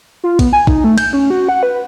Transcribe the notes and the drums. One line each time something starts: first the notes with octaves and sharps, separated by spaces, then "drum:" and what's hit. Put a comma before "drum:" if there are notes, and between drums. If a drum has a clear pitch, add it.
F4
B3, drum: kick, cymbal
G#5
D#4, drum: kick
A3
G6, drum: cymbal
C#4
F#4
F#5
B4